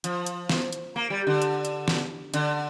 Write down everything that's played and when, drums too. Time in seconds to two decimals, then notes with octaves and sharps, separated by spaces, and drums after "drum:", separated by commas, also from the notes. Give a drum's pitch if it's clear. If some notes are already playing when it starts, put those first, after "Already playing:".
0.04 F3, drum: hi-hat
0.26 drum: hi-hat
0.49 drum: snare
0.73 drum: hi-hat
0.96 A#3
1.10 G3
1.27 D3
1.42 drum: hi-hat
1.65 drum: hi-hat
1.88 drum: snare
2.34 D3, drum: hi-hat